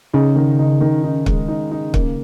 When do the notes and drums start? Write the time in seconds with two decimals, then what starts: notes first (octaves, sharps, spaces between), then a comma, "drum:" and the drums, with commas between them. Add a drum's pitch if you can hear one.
0.13 C#3 D#4
0.36 D#3
0.59 D#4
0.81 D#3
1.04 D#4
1.26 G#3, drum: kick
1.48 D#4
1.72 D#4
1.94 A#3, drum: kick